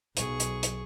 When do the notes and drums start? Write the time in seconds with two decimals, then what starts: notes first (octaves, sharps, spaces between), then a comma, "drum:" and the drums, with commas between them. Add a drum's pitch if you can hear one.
0.17 B1 G#4 C#6, drum: hi-hat
0.40 drum: hi-hat
0.63 drum: hi-hat